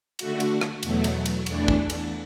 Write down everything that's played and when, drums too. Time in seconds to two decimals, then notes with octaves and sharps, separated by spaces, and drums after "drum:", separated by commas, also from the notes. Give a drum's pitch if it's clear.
0.19 D3 A3 F#4, drum: cymbal
0.40 drum: cymbal
0.61 drum: rim click
0.83 E2 B2 F#3 A3, drum: cymbal
1.04 drum: cymbal
1.26 drum: cymbal
1.46 E2 E3 A3 D4, drum: cymbal
1.68 drum: kick
1.90 drum: cymbal